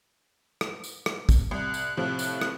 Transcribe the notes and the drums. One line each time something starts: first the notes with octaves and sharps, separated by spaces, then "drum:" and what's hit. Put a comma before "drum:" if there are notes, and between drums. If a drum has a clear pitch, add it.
drum: rim click
drum: tambourine
drum: rim click
drum: kick, tambourine
C2 F#6
drum: tambourine
A2 C3 F3
drum: tambourine
drum: rim click